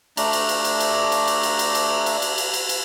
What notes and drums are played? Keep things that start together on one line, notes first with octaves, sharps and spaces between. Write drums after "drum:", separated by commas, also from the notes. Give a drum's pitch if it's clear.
A3 D4 A#5, drum: cymbal
drum: cymbal
drum: cymbal
drum: cymbal
drum: cymbal
drum: cymbal
drum: cymbal
drum: cymbal
drum: cymbal
drum: cymbal
drum: cymbal
drum: cymbal
drum: cymbal
drum: cymbal
drum: cymbal